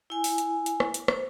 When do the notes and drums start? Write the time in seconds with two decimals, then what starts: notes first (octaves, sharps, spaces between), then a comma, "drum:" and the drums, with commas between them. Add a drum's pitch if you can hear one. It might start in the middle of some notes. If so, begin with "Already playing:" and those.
0.10 E4 G#5
0.24 drum: open hi-hat
0.38 drum: hi-hat
0.66 drum: hi-hat
0.80 drum: rim click
0.94 drum: hi-hat
1.08 C5, drum: rim click